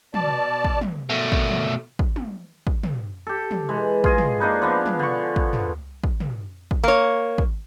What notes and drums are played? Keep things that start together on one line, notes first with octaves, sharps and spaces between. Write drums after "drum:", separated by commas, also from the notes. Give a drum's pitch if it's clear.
B2 D5 A5, drum: tom
drum: kick
drum: tom
B2 A3
drum: kick
drum: tom
drum: kick
drum: tom
drum: kick
drum: tom
G4 A4
drum: tom
E3 G#3
F4 G#4 D#5, drum: kick
drum: tom
A#3 D4 D#4 B4
F3 B3 D4
drum: tom
D3 C#6
drum: kick
drum: tom
drum: kick
drum: tom
drum: kick
A#3 C#5
drum: kick